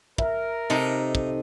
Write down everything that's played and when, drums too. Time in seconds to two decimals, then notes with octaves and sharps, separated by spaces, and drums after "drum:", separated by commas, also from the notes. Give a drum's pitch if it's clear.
0.18 A#4 E5, drum: kick
0.70 C3 D#4 A4 A#5
1.15 drum: kick